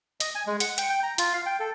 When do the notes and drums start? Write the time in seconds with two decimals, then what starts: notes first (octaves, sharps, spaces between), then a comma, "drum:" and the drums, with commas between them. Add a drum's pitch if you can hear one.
0.20 D#5, drum: hi-hat
0.35 G#5
0.47 G#3
0.60 F#5, drum: hi-hat
0.78 G5, drum: hi-hat
0.89 G5
1.03 A#5
1.18 F4, drum: hi-hat
1.33 F5
1.46 G5
1.60 A4